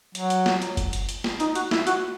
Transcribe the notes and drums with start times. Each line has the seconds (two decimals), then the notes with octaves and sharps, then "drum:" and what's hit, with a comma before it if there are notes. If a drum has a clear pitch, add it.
0.15 F#3, drum: hi-hat
0.30 drum: hi-hat
0.46 drum: snare
0.62 drum: hi-hat
0.77 drum: kick, hi-hat
0.93 drum: hi-hat
1.09 drum: hi-hat
1.24 drum: snare
1.40 D#4, drum: hi-hat
1.55 F#4, drum: hi-hat
1.71 E4, drum: snare
1.87 F#4, drum: hi-hat